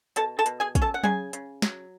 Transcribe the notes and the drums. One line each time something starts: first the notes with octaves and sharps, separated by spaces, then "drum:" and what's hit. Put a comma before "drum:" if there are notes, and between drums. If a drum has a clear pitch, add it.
B2 A4 A5, drum: hi-hat
A4 A5
B2, drum: hi-hat
G#4 G#5
C#4, drum: kick, hi-hat
A4 A5
F#5
C#3 G#4 G#5, drum: tom F#3
C#3, drum: hi-hat
F#3, drum: snare